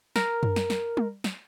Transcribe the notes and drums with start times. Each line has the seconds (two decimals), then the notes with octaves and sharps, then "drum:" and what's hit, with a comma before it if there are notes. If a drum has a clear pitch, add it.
0.16 A#4, drum: snare
0.43 drum: tom F#2
0.56 drum: snare
0.70 drum: snare
0.97 drum: tom G3
1.24 drum: snare